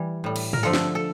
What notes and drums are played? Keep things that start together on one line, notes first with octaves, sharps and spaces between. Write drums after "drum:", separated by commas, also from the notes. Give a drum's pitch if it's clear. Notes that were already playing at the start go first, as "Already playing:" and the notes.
Already playing: E3 G3
A2 G3
drum: cymbal
A#4, drum: tom
D3 F3 A3 A4
drum: snare
A4